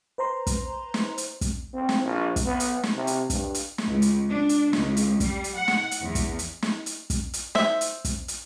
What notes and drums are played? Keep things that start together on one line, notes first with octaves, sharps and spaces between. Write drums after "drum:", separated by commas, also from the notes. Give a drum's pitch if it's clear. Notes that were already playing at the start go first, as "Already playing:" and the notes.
B4 C5 A#5 C6
drum: kick, hi-hat
drum: snare
drum: hi-hat
drum: kick, hi-hat
C4
drum: snare
A#1
drum: kick, hi-hat
B3
drum: hi-hat
drum: snare
C3
drum: hi-hat
G2, drum: kick, hi-hat
drum: hi-hat
drum: snare
C#2
drum: hi-hat
D4
drum: hi-hat
C#2, drum: snare
drum: hi-hat
G3, drum: kick, hi-hat
drum: hi-hat
F#5
drum: snare
drum: hi-hat
E2
drum: kick, hi-hat
drum: hi-hat
drum: snare
drum: hi-hat
drum: kick, hi-hat
drum: hi-hat
C5 E5, drum: snare
drum: hi-hat
drum: kick, hi-hat
drum: hi-hat